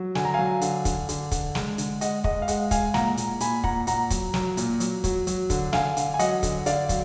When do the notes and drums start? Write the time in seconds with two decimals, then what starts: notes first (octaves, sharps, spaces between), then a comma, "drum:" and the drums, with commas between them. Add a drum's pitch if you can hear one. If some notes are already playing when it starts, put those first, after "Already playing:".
Already playing: F#3
0.15 D3 G#5, drum: snare
0.25 A#5
0.34 F#3 F5 G#5
0.61 D3, drum: hi-hat
0.85 D3, drum: kick, hi-hat
1.09 D3, drum: hi-hat
1.31 D3, drum: kick, hi-hat
1.55 G#3, drum: snare
1.78 D3, drum: hi-hat
2.01 G#3 D#5 F#5, drum: hi-hat
2.24 G#3 D#5 F#5, drum: kick
2.42 F5
2.48 G#3 D#5 F#5, drum: hi-hat
2.71 G#3 F5 G#5, drum: kick, hi-hat
2.94 A#2 F#5 A#5, drum: snare
3.17 A#2, drum: hi-hat
3.40 A#2 G#5 B5, drum: hi-hat
3.64 A#2 F#5 A#5, drum: kick
3.87 A#2 F#5 A#5, drum: hi-hat
4.10 F#3, drum: kick, hi-hat
4.34 F#3, drum: snare
4.57 A#2, drum: hi-hat
4.80 F#3, drum: hi-hat
5.04 F#3, drum: kick, hi-hat
5.27 F#3, drum: hi-hat
5.50 D3, drum: kick, hi-hat
5.73 D3 F5 G#5, drum: snare
5.97 D3, drum: hi-hat
6.14 G#5
6.19 F#3 D#5 F#5, drum: hi-hat
6.43 D3, drum: kick, hi-hat
6.66 D3 D5 F5, drum: hi-hat
6.89 F#3, drum: kick, hi-hat